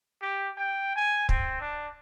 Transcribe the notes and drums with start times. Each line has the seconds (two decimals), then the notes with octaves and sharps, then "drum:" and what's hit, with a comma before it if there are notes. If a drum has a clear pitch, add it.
0.22 G4
0.57 G5
0.96 G#5
1.29 C4, drum: kick
1.61 D4